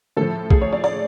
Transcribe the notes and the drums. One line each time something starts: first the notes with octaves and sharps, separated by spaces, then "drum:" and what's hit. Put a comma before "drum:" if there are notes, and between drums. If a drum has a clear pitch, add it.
A2 F3 A4
G#4, drum: kick
C#5
D5
D5